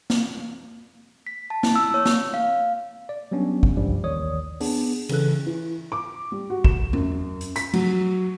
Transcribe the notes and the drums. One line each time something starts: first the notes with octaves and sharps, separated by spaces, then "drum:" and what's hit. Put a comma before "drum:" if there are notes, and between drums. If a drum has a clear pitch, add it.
drum: snare
B6
A5
E4, drum: snare
E6
C#5
drum: snare
F5
D5
F#3 G3 B3 C#4 D4
drum: kick
C#2 G2 F3 G3
A1 D#2 D#3 C#5 D5 D#6
B3 D4 G#4, drum: open hi-hat
C#3 E3 A4 F#6, drum: cymbal
E3
D6
G3
F#4
E7, drum: kick
F#2, drum: tom E2
drum: hi-hat
B6, drum: hi-hat
F#3, drum: cymbal